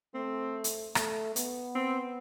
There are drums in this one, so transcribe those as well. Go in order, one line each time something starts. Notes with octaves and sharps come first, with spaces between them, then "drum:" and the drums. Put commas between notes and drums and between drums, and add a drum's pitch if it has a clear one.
A3 C4
drum: hi-hat
A3, drum: rim click
B3, drum: hi-hat
C4